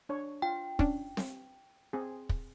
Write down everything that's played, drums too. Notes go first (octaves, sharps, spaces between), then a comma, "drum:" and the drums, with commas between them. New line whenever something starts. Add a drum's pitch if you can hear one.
D4 C#5
F4 G5
C#4 D4, drum: kick
drum: snare C4
C4 G#4
drum: kick